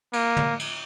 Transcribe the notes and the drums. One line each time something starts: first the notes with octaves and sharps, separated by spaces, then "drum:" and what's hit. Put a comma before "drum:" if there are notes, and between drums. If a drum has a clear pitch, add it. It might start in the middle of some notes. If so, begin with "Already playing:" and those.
A#3, drum: cymbal
drum: tom
drum: cymbal